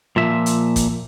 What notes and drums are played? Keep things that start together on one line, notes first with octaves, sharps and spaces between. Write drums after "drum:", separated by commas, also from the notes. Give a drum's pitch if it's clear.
A#2 F3 E5
drum: hi-hat
drum: kick, hi-hat